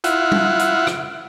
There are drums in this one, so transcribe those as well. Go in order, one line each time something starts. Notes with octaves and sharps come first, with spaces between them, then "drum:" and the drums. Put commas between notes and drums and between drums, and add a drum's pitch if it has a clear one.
E4 F4 F#5, drum: hi-hat
drum: tom G3
drum: hi-hat
drum: rim click